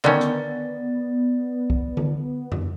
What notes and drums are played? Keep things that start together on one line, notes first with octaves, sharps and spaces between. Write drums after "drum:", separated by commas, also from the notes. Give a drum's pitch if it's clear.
D3 D#3 B3 C#4 D5, drum: clap
drum: hi-hat
drum: kick
drum: tom D3
drum: tom F2